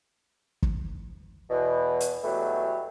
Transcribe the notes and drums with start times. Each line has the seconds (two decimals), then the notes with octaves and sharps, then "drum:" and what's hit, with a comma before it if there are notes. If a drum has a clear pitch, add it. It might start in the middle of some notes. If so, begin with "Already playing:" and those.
0.62 drum: kick
1.50 E2 B2
2.00 drum: hi-hat
2.24 E2 B2 F#3 G3 A3